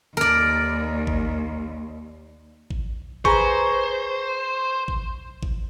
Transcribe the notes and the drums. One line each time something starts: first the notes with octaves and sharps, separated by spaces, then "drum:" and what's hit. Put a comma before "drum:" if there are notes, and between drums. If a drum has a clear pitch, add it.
D#2 A#4 D5
drum: kick G#1
drum: kick G#1
G#4 B4 C5 A#5 C#6, drum: kick G#1
drum: kick G#1
drum: kick G#1